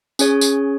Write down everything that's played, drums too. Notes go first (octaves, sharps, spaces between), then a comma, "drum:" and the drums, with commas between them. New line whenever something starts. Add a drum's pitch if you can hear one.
C#4 G#4 C#5, drum: tambourine
drum: tambourine